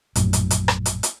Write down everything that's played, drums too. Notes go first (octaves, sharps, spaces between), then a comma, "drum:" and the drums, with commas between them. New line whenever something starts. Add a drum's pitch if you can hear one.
A#1 F#2 A2, drum: hi-hat
drum: hi-hat
drum: hi-hat
drum: rim click
drum: hi-hat
drum: hi-hat